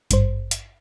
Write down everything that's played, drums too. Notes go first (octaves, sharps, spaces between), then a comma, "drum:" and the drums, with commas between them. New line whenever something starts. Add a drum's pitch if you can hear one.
G#1 G2 C5, drum: hi-hat
drum: hi-hat